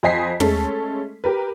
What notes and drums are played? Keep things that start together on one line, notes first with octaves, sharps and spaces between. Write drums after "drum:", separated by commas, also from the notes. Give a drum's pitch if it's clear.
F2 C5 D#5 G#5 B6 C7
G#3 A3 C#4 A4, drum: tom
G4 A#4 B4